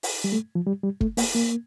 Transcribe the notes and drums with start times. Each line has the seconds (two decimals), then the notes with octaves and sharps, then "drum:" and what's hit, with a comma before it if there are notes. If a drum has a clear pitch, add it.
0.03 drum: open hi-hat
0.24 G3
0.32 A3
0.55 F3
0.67 G3
0.83 G3
1.01 A3, drum: kick
1.17 A#3, drum: open hi-hat
1.35 A#3